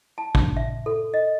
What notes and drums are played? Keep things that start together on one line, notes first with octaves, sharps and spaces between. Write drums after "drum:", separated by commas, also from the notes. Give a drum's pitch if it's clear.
A5
drum: kick A1
E5
A4
D#5